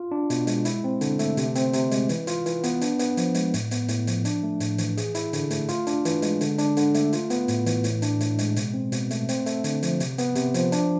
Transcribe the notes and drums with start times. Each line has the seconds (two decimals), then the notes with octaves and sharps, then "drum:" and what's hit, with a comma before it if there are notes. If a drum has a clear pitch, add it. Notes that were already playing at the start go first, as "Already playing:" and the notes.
Already playing: F4
0.11 D4
0.30 B2, drum: hi-hat
0.47 G#3, drum: hi-hat
0.65 E4, drum: hi-hat
0.84 C4
1.01 D3, drum: hi-hat
1.19 A3, drum: hi-hat
1.37 C3, drum: hi-hat
1.55 C4, drum: hi-hat
1.73 C3, drum: hi-hat
1.91 G#3, drum: hi-hat
2.09 E3, drum: hi-hat
2.27 F4, drum: hi-hat
2.46 E3, drum: hi-hat
2.64 B3, drum: hi-hat
2.81 D4, drum: hi-hat
2.99 B3, drum: hi-hat
3.17 F3, drum: hi-hat
3.35 G#3, drum: hi-hat
3.54 A2, drum: hi-hat
3.71 B3, drum: hi-hat
3.88 A2, drum: hi-hat
4.07 F3, drum: hi-hat
4.25 D4, drum: hi-hat
4.43 A3
4.60 A2, drum: hi-hat
4.78 E3, drum: hi-hat
4.97 G#4, drum: hi-hat
5.15 E4, drum: hi-hat
5.33 D3, drum: hi-hat
5.51 A3, drum: hi-hat
5.69 F4, drum: hi-hat
5.87 D4, drum: hi-hat
6.05 E3, drum: hi-hat
6.22 G#3, drum: hi-hat
6.41 D3, drum: hi-hat
6.58 D4, drum: hi-hat
6.77 D3, drum: hi-hat
6.94 A3, drum: hi-hat
7.13 F4, drum: hi-hat
7.30 B3, drum: hi-hat
7.48 A2, drum: hi-hat
7.66 E3, drum: hi-hat
7.84 A2, drum: hi-hat
8.02 D4, drum: hi-hat
8.21 A2, drum: hi-hat
8.39 G#3, drum: hi-hat
8.56 B2, drum: hi-hat
8.74 C4
8.92 B2, drum: hi-hat
9.11 A3, drum: hi-hat
9.29 C4, drum: hi-hat
9.46 A3, drum: hi-hat
9.64 D3, drum: hi-hat
9.83 F3, drum: hi-hat
10.00 C3, drum: hi-hat
10.18 B3, drum: hi-hat
10.35 C3, drum: hi-hat
10.54 F3, drum: hi-hat
10.72 D4, drum: hi-hat